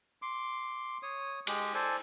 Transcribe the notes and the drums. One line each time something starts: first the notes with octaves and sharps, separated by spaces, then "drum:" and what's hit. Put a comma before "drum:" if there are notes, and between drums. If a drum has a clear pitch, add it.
C6 D6
C#5 D#6
G#3 G4, drum: cymbal
A4 C5 D5 G#5